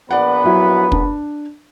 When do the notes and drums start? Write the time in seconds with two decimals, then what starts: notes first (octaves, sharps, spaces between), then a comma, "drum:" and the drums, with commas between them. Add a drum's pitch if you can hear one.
0.11 A#1 B3 B4 D5 F#5
0.44 F#3 E4
0.92 D4, drum: kick